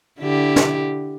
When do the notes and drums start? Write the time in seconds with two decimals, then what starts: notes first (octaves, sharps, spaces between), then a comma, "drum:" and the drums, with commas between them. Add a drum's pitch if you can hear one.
0.20 D3 E4 G4
0.56 drum: snare